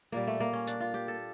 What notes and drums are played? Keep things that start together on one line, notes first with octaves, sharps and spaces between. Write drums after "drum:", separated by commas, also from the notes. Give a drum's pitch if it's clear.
A#2 G3 A#3, drum: open hi-hat
A3
A#3
C#4
D4, drum: hi-hat
F4
G4
A4